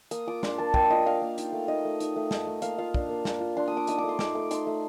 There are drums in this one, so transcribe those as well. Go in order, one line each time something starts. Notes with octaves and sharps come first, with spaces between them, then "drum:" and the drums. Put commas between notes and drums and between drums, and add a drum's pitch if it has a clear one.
A#3 D#6, drum: hi-hat
F4 D6
D4 C6, drum: snare
A#3 A5
A#3 G5, drum: kick
F4 D#5
D4 F5
A#3
D#4, drum: hi-hat
A3
D#4 D#5
A3
D#4, drum: hi-hat
A3
D#4, drum: snare
A3
A#3 F5, drum: hi-hat
F4 F5
D4, drum: kick
A#3
A#3, drum: snare
F4
D4 C6
A#3 D#6
D6
D#4 D#6, drum: hi-hat
D6
A3
C6
D#4 D6, drum: snare
A3 D6
D#4 C6, drum: hi-hat
A3